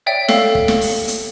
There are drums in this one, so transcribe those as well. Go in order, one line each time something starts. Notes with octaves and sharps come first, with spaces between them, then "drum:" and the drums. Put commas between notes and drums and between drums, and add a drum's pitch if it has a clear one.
C#5 D5 E5 G5
A4 F5, drum: snare
drum: kick
drum: snare
drum: open hi-hat
drum: hi-hat